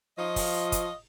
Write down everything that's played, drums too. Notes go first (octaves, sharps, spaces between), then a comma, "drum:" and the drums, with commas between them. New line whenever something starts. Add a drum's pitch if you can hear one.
F3 F4 C#5 D#5
drum: kick, open hi-hat
drum: kick, hi-hat